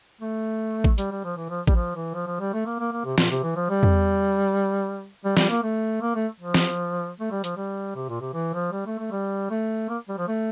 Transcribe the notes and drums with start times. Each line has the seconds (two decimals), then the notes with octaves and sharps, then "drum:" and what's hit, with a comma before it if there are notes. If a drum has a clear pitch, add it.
0.21 A3
0.84 drum: kick A1
0.98 G3, drum: hi-hat
1.12 G3
1.24 F3
1.37 E3
1.50 F3
1.67 G3, drum: kick A1
1.75 F3
1.95 E3
2.14 F3
2.27 F3
2.40 G3
2.53 A3
2.66 A#3
2.80 A#3
2.92 A#3
3.05 C3
3.18 A#2, drum: snare
3.31 C3
3.43 E3
3.56 F3
3.70 G3
3.83 drum: tom E2
5.25 G3
5.37 G3, drum: snare
5.50 A#3
5.63 A3
6.02 A#3
6.15 A3
6.40 F3
6.54 drum: snare
7.20 A3
7.31 G3
7.44 F3, drum: hi-hat
7.57 G3
7.96 C3
8.09 A#2
8.21 C3
8.34 E3
8.54 F3
8.72 G3
8.86 A3
8.99 A3
9.12 G3
9.50 A3
9.89 A#3
10.09 G3
10.18 F3
10.28 A3